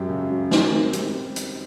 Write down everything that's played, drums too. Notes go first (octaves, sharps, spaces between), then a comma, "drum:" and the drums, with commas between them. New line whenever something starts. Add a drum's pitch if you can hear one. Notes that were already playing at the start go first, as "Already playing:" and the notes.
Already playing: F#2 F#3 G4
C#3
F#3
D#3, drum: snare
C4
G3, drum: hi-hat
drum: hi-hat